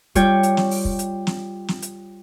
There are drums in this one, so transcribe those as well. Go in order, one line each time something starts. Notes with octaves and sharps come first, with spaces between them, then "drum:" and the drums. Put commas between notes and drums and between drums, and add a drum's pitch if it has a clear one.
G3 F4 C#5 G5, drum: kick, hi-hat
drum: hi-hat
drum: snare
drum: open hi-hat
drum: kick
drum: hi-hat
drum: snare
drum: snare
drum: hi-hat